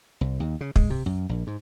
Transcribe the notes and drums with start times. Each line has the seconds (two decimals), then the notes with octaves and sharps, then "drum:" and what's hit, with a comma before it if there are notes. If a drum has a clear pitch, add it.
0.21 C2
0.40 D#2
0.61 C#3
0.76 G#3, drum: kick
0.90 C3
1.06 F#2
1.29 A#1
1.47 G#2